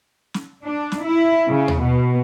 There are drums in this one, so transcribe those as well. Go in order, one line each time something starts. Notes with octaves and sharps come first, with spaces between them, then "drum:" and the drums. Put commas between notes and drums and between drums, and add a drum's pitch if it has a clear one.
drum: snare
D4
drum: snare
E4
C#3
drum: tom D#2
B2